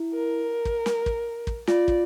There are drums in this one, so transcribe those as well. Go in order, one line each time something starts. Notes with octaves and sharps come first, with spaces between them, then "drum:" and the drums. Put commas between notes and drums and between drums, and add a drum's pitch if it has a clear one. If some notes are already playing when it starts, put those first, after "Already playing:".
Already playing: E4
A#4
drum: kick
drum: snare
drum: kick
drum: kick
F4 D5, drum: snare
drum: kick